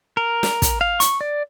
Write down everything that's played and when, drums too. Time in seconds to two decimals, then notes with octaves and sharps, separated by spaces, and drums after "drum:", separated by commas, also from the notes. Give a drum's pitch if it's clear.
0.17 A#4
0.43 drum: snare
0.62 drum: kick, hi-hat
0.81 F5
1.00 C#6, drum: hi-hat
1.21 D5